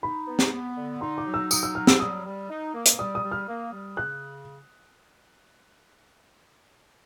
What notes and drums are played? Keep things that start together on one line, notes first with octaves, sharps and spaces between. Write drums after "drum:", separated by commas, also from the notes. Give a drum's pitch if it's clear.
D#4 B5
B3
drum: snare
B3
D3
D#4 C6
D6
F#3
E6
D#4 D#6, drum: tambourine
E6
F#3 F6
E6, drum: snare
G3 D#6
G3
D#4
A#3
drum: hi-hat
G3 D#6
D#6
G3
F6
A#3
G3
C#3 F#6